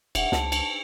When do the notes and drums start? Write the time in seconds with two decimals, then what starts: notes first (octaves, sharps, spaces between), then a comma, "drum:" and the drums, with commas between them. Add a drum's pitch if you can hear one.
0.15 D#1 E5 F#5, drum: cymbal
0.32 C#2 A5, drum: snare
0.52 drum: cymbal